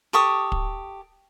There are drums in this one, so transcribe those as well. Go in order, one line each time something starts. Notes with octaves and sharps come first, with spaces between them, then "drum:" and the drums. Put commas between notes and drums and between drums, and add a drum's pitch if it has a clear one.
G4 A4 C#6 D#6
drum: kick